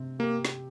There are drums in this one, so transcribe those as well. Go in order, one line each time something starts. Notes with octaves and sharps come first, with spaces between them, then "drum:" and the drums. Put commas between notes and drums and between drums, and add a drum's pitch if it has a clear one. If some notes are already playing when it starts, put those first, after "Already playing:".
Already playing: C3 C4
A#3 G4
drum: snare